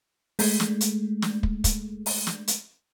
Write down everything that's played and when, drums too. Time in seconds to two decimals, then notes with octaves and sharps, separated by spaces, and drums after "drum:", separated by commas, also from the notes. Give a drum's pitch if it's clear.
0.39 G#3 A3, drum: open hi-hat
0.60 drum: snare
0.81 drum: hi-hat
1.22 drum: snare
1.43 drum: kick
1.64 drum: kick, hi-hat
2.06 drum: open hi-hat
2.27 drum: snare
2.48 drum: hi-hat